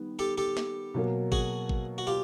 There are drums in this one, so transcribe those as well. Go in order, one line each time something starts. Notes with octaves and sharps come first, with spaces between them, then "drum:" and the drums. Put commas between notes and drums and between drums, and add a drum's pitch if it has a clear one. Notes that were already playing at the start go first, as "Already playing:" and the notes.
Already playing: D#3 G3 B3
G4 A4
G4 A4
drum: snare
B2 F#3 A#3
F#4 G#4, drum: kick G#1
drum: kick G#1
F#4
F4 G4